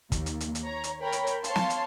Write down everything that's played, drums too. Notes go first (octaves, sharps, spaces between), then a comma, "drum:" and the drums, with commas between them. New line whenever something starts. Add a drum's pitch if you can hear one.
D#2, drum: kick, hi-hat
drum: hi-hat
drum: hi-hat
drum: hi-hat
C#5 A#5
drum: hi-hat
A#4 C#5 G5 B5
drum: hi-hat
drum: hi-hat
C#5 F5 A5 C6, drum: hi-hat
drum: snare
drum: hi-hat